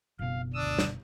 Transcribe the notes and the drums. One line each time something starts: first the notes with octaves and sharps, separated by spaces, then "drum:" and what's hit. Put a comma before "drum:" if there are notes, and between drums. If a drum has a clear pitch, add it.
F#1 B2 F5
D2 D4 D#6 E6
drum: snare